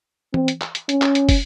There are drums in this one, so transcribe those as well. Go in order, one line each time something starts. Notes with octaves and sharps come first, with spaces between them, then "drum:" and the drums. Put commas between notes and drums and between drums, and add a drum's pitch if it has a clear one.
C4, drum: tom E3
drum: hi-hat
drum: clap
drum: hi-hat
C#4, drum: hi-hat
drum: clap
drum: hi-hat
drum: kick, open hi-hat